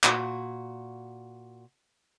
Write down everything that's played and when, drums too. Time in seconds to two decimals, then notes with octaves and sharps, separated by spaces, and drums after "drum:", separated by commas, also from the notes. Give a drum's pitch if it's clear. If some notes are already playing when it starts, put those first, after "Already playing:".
0.04 A#2 F#4, drum: clap